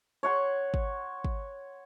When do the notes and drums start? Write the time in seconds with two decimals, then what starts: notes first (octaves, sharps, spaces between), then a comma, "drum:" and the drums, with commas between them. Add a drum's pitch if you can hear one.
0.23 C#5 F#5 C6
0.74 drum: kick
1.25 drum: kick